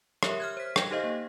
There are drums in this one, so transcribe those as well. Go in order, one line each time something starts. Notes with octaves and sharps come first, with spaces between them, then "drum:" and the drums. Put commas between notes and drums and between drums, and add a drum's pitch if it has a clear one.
G4 A#4 C#5 E5, drum: rim click
F6 F#6 G#6
C5 B6
G5 G6 G#6 A#6, drum: rim click
D#4 G4 A4 C5 D#5 F5
A#3